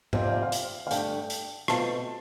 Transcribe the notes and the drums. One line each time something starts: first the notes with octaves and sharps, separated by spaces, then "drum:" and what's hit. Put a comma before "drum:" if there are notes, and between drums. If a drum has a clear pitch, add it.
F2 C3 F3 C4 F4 C5, drum: tom G#2
D5
F5
E5
F5
drum: hi-hat
F5
G2 D3 A3 G5, drum: hi-hat
drum: hi-hat
B2 A3 C4 F4 A5, drum: rim click